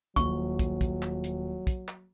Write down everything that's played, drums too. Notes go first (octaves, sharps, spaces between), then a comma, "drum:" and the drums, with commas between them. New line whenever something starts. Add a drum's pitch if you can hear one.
D#1 F#3 C#6, drum: kick, hi-hat
drum: kick, hi-hat
drum: kick, hi-hat
drum: clap
drum: hi-hat
drum: kick, hi-hat
drum: clap